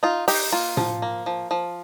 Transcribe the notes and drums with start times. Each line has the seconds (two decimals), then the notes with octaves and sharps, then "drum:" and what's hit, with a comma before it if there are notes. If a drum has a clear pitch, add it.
0.03 D#4 F4
0.28 D#4 G4, drum: open hi-hat
0.53 A#3 F4
0.77 F3, drum: tom A2
1.02 A#3
1.26 F3
1.51 F3